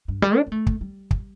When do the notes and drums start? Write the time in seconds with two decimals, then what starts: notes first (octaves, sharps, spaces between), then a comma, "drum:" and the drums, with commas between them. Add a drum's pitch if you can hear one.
0.08 G2
0.22 G3
0.37 D4
0.47 C4
0.52 A3
0.67 drum: kick
0.81 G3
1.11 drum: kick